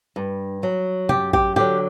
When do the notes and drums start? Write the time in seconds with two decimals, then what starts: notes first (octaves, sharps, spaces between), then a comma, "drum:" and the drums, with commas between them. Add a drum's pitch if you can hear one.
0.16 G2
0.63 F#3
1.09 F#2 G4, drum: tom C3
1.33 G4, drum: kick A1
1.56 D3 F#3 G4